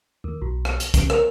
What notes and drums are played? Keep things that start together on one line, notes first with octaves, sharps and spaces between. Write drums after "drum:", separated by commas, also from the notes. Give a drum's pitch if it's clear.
D#2
B1
drum: rim click
drum: hi-hat
C#3, drum: kick, hi-hat
A#4, drum: rim click